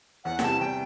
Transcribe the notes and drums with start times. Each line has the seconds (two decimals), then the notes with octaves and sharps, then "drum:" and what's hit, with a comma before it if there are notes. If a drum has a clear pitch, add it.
0.25 E2 F#5
0.39 G5, drum: snare
0.42 C3 E3 G3 A5
0.60 E2 G5